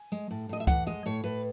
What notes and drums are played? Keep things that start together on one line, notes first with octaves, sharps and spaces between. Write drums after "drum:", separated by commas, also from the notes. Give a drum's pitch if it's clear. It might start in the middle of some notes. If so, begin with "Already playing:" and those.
Already playing: G#5
G#3
A2
A2 D#5
E5
E3 F#5, drum: kick, hi-hat
G#3 D#5
A2 C#5
A2 B4